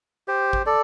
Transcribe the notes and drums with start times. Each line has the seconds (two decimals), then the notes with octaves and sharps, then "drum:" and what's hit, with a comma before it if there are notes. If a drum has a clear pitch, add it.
0.28 G4 C5
0.53 drum: kick G#1
0.66 A4 D5